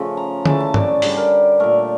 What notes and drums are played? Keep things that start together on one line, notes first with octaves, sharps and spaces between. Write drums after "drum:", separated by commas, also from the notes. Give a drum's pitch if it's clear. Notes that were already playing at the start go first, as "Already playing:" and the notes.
Already playing: C#3 F3 A3
A#5
C#3 E3 A3 A5, drum: tom D3
A5
D5, drum: tom
D3 G3 G4, drum: open hi-hat
A#4
A#2 A3 A#4